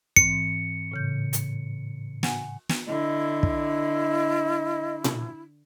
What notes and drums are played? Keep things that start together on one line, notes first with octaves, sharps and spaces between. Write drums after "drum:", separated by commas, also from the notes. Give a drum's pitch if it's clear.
G#2 E3 C4 C#7, drum: kick
A2 C#3 G6
drum: hi-hat
F#5 G#5, drum: snare
drum: snare
D3 E4 D#5
drum: kick
drum: tom A#2